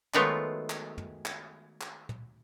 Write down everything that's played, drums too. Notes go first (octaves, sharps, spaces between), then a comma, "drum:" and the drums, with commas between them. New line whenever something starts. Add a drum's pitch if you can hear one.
D#3 F#3 G#3 A3 B3 F4, drum: clap
drum: clap
drum: tom
drum: clap
drum: clap
drum: tom